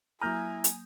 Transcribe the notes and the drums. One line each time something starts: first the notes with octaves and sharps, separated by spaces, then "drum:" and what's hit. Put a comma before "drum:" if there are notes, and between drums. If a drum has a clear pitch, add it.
F#3 A#3 E4 G#5 A#5 D#6 F6 G6
drum: hi-hat